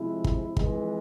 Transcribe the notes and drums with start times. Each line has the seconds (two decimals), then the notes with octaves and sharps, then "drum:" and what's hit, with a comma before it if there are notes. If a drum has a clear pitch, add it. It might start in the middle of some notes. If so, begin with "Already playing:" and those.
Already playing: C3 F3 G#3 C4 E4
0.24 drum: kick
0.57 F2 E3 G#3, drum: kick